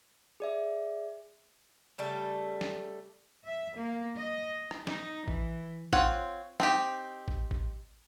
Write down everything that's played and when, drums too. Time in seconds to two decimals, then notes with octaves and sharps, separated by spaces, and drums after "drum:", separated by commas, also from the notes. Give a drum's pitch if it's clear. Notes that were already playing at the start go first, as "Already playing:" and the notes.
0.40 G#4 D5 E5
1.98 C#3 G3 A3 A4
2.61 drum: snare
3.45 E5
3.76 A#3
4.15 D#5
4.71 drum: rim click
4.87 D#4, drum: snare
5.28 E3, drum: kick A1
5.93 C4 F4 C#5 F#5, drum: kick A1
6.60 C4 D#4 G4, drum: snare
7.28 drum: kick A1
7.51 drum: kick A1